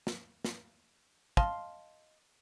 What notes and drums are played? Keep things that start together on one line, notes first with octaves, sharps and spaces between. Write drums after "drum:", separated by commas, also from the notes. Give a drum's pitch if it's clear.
drum: snare
drum: snare
D#5 F5 A5 C6, drum: kick